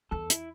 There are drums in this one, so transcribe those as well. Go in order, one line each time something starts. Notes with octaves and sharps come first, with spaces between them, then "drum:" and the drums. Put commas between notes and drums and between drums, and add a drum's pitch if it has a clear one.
E2 A4
E4, drum: hi-hat